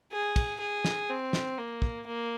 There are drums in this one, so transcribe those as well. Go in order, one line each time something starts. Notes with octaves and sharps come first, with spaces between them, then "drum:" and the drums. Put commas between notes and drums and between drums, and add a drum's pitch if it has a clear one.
G#4
drum: kick, cymbal
G#4
drum: snare
C4
drum: snare
A#3
drum: kick
A#3